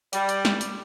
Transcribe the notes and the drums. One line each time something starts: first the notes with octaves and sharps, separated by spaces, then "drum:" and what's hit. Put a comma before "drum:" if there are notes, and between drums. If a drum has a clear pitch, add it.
G3, drum: hi-hat
drum: hi-hat
drum: snare
drum: hi-hat